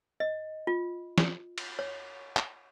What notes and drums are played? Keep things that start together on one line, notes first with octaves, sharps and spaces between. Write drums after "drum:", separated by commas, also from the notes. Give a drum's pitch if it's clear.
D#5
F4
drum: snare
drum: cymbal
C#5
drum: clap